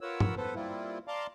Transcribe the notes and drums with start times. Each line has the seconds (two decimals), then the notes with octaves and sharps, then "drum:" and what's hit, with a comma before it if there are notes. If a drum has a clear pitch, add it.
0.01 F4 A#4 B4 C#5 F#5 E6
0.20 drum: tom
0.37 B3 A4 B4 C5
0.55 G3 A#3 C4 E4 F4
1.08 D5 F5 A5 A#5 C6 D6